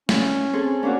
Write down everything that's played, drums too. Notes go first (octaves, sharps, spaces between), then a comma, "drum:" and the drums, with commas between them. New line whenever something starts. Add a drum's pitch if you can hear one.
C#4, drum: snare
C4 G#4 A4
A#3 C#4 D4 F#4